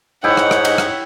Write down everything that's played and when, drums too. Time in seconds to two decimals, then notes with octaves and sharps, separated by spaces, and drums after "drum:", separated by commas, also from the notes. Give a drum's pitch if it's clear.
0.24 G#2 D#4 E4 C#5 F#5 G5
0.37 drum: rim click
0.51 drum: rim click
0.65 drum: cymbal
0.78 drum: rim click